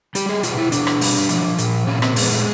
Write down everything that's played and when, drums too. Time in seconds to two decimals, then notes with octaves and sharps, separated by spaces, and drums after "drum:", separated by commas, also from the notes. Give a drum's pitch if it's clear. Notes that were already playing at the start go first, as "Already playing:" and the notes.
0.15 G3 G4, drum: hi-hat
0.29 G#4
0.43 B2 F4, drum: hi-hat
0.57 E4
0.72 B2 D4, drum: hi-hat
0.87 drum: rim click
1.01 G3, drum: open hi-hat
1.29 F3, drum: hi-hat
1.58 A#2, drum: hi-hat
1.87 A#2 C#4
2.02 C4, drum: rim click
2.16 G#3 B3, drum: open hi-hat
2.31 A3